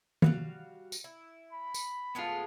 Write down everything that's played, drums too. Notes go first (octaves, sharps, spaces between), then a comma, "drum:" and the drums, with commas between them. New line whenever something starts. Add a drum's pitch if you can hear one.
G3 F#4 F5, drum: tom D#3
drum: tambourine
E4
B5
drum: tambourine
A2 G#3 B3 F4 A4